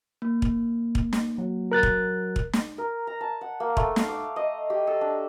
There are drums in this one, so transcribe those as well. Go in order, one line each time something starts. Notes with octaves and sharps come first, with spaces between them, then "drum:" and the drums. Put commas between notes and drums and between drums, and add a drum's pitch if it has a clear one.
A#3
drum: kick
drum: kick
drum: snare
F#3
A#4 F#6 A6
drum: kick
drum: kick
drum: snare
A#4
A#5
A5
F#5
A#3
A3, drum: kick
F5, drum: snare
D6
D#5
G4
A4
D4